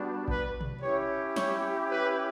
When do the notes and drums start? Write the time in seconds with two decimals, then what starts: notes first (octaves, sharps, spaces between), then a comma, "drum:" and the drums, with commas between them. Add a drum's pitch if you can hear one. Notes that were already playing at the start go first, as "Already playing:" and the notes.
Already playing: G3 B3 D4 F#4
0.28 B4, drum: kick A#1
0.61 drum: tom
0.82 C#4 E4 G4 C#5
1.36 C#5, drum: snare
1.90 B4